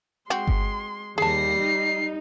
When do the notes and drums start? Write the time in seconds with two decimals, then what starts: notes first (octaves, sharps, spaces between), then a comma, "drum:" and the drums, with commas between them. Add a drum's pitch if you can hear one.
0.30 G#3 C4 F#4 C6
0.48 drum: kick G1
1.18 D#2 G3 G#4 A5 A#6 C7
1.61 D#4